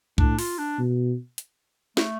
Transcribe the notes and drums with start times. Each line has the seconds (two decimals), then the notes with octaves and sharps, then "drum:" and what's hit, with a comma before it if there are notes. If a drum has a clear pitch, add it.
0.18 A2 D4, drum: kick C2
0.39 F4, drum: open hi-hat
0.58 D4
0.79 B2
1.38 drum: hi-hat
1.97 A3, drum: snare